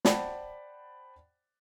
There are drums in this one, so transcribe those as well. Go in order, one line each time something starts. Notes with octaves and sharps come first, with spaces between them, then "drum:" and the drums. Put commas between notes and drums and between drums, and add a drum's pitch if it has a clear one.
C5 D5 F#5 G5 A5 B5, drum: snare